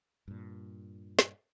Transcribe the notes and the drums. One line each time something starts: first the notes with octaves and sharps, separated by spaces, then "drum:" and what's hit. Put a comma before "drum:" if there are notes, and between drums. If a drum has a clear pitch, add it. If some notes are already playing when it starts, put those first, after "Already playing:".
G2 A#2
drum: snare